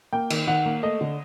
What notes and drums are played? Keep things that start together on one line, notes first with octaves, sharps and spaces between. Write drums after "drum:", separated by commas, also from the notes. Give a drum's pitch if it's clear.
A#3 G5
D#3, drum: cymbal
D#3 F#5
A#3
A3 D#5
D3